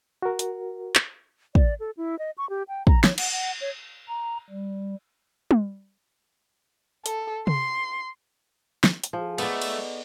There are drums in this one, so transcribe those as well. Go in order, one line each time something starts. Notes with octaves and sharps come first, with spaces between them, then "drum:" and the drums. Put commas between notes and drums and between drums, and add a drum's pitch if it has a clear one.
F#4 A#4
drum: hi-hat
drum: clap
D5, drum: kick
A4
E4
D#5
C#6
G4
G5
A#5, drum: kick
C#5, drum: snare
F#5, drum: cymbal
F#5
C#5
A#5
G3
drum: tom
A4, drum: hi-hat
C6, drum: tom C3
drum: snare
drum: hi-hat
F3 G#4 A4
A3 B3 D#4 D5 C#6, drum: cymbal
drum: cymbal